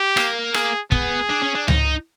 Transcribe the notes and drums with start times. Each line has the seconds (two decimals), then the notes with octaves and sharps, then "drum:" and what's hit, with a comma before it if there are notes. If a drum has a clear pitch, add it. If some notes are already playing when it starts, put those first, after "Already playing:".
Already playing: G4
0.17 A#3, drum: rim click
0.54 G#4, drum: rim click
0.92 B3 G#4, drum: kick
1.30 D4
1.43 C#4
1.55 D4
1.68 D#4, drum: tom C#2